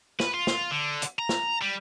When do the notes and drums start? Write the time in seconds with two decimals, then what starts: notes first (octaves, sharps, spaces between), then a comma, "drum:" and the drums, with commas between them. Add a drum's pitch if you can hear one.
0.20 B4, drum: snare
0.34 F4
0.47 drum: snare
0.71 D3
1.02 drum: hi-hat
1.19 A#5
1.29 drum: snare
1.62 G3